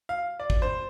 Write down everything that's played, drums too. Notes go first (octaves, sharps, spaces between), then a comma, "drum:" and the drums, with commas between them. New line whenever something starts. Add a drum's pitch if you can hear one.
F5
D5
drum: kick
C5